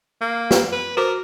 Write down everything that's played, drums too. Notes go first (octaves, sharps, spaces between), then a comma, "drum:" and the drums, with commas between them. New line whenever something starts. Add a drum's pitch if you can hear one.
A#3
drum: snare
B4
F#4 A#4 C5 D6